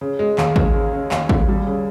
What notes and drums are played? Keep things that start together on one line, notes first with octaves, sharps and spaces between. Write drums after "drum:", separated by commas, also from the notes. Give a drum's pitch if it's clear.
C#3
G#3
D#2, drum: clap
D#2, drum: kick A1
C#3
C#3
D#2, drum: clap
D#2, drum: kick A1
G3
C#3